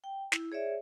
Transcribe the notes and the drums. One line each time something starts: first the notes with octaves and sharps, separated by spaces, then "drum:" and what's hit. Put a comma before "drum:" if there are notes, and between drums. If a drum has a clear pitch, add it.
G5
E4, drum: snare
G#4 C#5 D5 E5